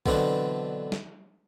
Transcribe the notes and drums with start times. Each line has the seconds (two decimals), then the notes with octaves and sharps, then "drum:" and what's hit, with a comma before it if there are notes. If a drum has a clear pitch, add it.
0.06 B2 D3 E3 F#3 C4 D4, drum: kick A#1
0.92 drum: snare